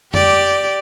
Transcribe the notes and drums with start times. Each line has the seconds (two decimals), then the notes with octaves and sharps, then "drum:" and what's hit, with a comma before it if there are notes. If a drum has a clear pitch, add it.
0.14 G4 D5, drum: tom F2